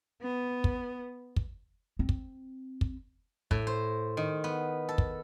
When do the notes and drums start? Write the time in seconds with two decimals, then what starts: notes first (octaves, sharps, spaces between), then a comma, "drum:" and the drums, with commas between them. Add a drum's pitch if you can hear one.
0.22 B3
0.64 drum: kick
1.36 drum: kick
1.99 C4
2.09 drum: kick
2.81 drum: kick
3.51 A2, drum: kick
3.67 C5
4.17 D#3
4.44 B3
4.89 A4
4.98 drum: kick